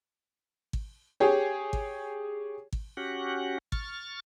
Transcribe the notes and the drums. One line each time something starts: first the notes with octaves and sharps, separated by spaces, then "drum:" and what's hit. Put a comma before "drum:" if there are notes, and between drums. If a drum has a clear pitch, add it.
drum: kick G#1
G4 G#4 C#5
drum: kick G#1
drum: kick G#1
C#4 F#4 G4 F#5
C#6 F6 A6, drum: kick G#1